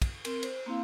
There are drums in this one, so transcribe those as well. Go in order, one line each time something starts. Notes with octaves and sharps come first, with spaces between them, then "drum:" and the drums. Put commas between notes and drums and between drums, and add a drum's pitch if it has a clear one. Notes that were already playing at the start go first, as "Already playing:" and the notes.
drum: kick, cymbal
C4 A#4, drum: cymbal
C5, drum: cymbal
A#3 C4 E4 F5